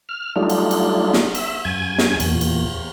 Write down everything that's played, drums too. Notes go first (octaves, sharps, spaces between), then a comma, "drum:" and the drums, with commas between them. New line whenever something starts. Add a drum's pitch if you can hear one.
F6
F#3 G3 A3 D4 D#4 F4
drum: cymbal
drum: cymbal
drum: snare
E5, drum: cymbal
F#2 G#5 G#6
drum: snare
E2 A#2, drum: cymbal
drum: cymbal